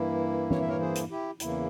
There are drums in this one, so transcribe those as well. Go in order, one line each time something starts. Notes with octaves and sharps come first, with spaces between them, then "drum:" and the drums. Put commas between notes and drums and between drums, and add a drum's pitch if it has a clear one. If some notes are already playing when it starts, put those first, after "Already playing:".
Already playing: G2 E3 A#3 E4
C#5, drum: tom
E5
A#4 C#5
G#4 C5
drum: hi-hat
E4 G4
E2 C#3 E3 A#3 E4, drum: hi-hat